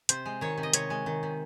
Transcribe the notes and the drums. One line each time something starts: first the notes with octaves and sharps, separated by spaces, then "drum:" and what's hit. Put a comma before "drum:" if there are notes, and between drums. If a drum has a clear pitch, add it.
C3 C5, drum: hi-hat
G#3
D#3 C#5
C3
D#5
C3 C#5, drum: hi-hat
G#3
D#3
C3